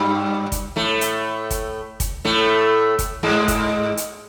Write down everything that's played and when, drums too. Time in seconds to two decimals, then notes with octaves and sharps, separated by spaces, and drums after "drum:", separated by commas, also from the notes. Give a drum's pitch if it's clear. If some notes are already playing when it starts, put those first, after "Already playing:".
Already playing: G2 G3
0.52 drum: kick, hi-hat
0.76 A2 A3
1.01 drum: hi-hat
1.50 drum: kick, hi-hat
2.00 drum: kick, hi-hat
2.25 A2 A3
2.99 drum: kick, hi-hat
3.23 G#2 G#3
3.48 drum: kick, hi-hat
3.97 drum: hi-hat